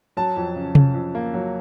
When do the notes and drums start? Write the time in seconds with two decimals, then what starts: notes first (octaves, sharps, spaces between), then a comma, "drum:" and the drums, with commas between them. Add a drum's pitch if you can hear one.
0.17 F#3 A5
0.36 F2
0.56 C#3
0.75 C#3, drum: tom C3
0.94 F2
1.15 A#3
1.34 F#3